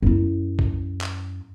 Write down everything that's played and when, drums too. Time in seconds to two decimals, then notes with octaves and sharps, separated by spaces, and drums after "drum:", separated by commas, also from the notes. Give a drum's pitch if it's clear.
0.02 F#2 E4
0.59 drum: kick B1
1.01 drum: clap